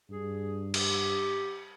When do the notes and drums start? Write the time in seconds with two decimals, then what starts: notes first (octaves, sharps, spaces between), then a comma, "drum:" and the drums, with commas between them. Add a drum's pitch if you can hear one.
0.10 G2 G#4
0.74 G4, drum: cymbal